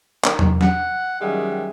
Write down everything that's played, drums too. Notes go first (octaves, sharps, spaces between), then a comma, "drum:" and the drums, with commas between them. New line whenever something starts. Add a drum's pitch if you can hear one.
D#3, drum: clap
drum: tom E2
F#5, drum: snare
F#2 D#3 G3 G#3 E5 F#5